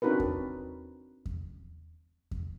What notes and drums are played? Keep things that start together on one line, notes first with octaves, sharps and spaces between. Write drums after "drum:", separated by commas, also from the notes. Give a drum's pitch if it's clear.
C4 D4 D#4 F#4 A#4 B4
drum: kick E2
drum: kick E2
drum: kick E2